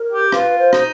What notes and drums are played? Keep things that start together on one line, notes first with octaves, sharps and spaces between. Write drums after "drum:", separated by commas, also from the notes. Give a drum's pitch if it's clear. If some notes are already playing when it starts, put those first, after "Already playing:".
Already playing: A#4
G4
F4 B4, drum: rim click
C5
D#4, drum: rim click